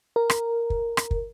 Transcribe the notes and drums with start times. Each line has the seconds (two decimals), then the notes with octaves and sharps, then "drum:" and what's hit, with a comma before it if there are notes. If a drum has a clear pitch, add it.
0.16 A#4
0.30 drum: rim click
0.70 drum: kick
0.97 drum: rim click
1.11 drum: kick